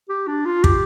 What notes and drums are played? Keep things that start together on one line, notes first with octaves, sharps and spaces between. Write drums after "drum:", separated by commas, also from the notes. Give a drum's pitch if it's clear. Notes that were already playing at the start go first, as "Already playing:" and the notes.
G4
D4
F4
G4, drum: kick